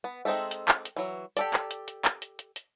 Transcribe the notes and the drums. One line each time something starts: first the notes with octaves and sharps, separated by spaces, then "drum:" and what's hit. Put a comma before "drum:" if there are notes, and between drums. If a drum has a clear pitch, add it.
B3
G#3 C4 D#4 A4 E5
drum: hi-hat
drum: clap
drum: hi-hat
E3 F#3
G4 A4 D5, drum: hi-hat
drum: clap
drum: hi-hat
drum: hi-hat
drum: clap
drum: hi-hat
drum: hi-hat
drum: hi-hat